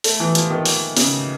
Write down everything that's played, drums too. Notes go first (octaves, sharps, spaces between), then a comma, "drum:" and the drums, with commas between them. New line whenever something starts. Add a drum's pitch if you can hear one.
A3, drum: open hi-hat
E3
F3, drum: hi-hat
D#3
drum: open hi-hat
C#3, drum: open hi-hat